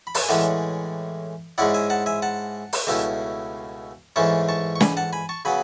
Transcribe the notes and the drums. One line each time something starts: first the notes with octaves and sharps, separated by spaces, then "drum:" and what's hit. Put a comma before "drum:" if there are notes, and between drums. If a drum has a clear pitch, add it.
B5
A5, drum: open hi-hat
G#5
A2 E3 G#3 C#4 D5 F#5
G#2 G#3 C#4 E4 D5 F#5
E5 G#5
F#5 A5
E5 G#5
F#5 A5
drum: open hi-hat
C#2 B2 A3 C#4 E4
G#2 E3 A3 C#4 A5 C#6
A5 C#6
C#6
G#5 B5, drum: snare
F#5 A5
G#5 B5
A5 C#6
C#3 F#3 B3 G#5 B5